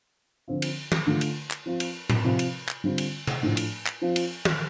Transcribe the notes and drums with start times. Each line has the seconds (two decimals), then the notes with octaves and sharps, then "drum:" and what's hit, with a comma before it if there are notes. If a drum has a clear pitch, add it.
0.48 D3 F3 C4 F4
0.62 drum: cymbal
0.92 drum: tom
1.06 D3 A3 F4
1.21 drum: cymbal
1.51 drum: clap
1.66 F3 C4 F4
1.80 drum: cymbal
2.10 drum: tom A2
2.24 C3 F3 C4
2.39 drum: cymbal
2.69 drum: clap
2.84 D3 G3 C4 F4
2.98 drum: cymbal
3.27 drum: tom C3
3.42 A2 F3 A3 D4
3.57 drum: cymbal
3.86 drum: clap
4.02 F3 C4 F4
4.16 drum: cymbal
4.45 drum: tom